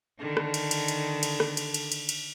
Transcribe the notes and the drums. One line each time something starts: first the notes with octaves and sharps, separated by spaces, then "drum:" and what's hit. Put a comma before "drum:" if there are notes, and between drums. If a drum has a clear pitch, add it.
D3 D#3 D4
drum: rim click
drum: cymbal
drum: cymbal
drum: cymbal
drum: cymbal
drum: rim click
drum: cymbal
drum: cymbal
drum: cymbal
drum: cymbal